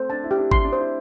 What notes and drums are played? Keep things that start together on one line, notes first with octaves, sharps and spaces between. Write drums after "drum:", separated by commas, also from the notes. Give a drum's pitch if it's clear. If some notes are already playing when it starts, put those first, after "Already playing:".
Already playing: A3 C4 C5
D4 A5
E4
G4
D4
E4 C6, drum: kick G#1
D4
C5
E4